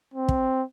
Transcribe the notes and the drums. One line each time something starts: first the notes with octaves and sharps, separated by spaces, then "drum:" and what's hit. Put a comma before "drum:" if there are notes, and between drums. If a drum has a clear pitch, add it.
C4
drum: kick